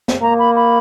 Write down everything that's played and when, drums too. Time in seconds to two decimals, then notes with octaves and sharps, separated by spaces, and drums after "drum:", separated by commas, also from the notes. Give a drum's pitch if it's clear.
0.08 drum: snare
0.22 A#3 A#5
0.39 B5
0.56 B5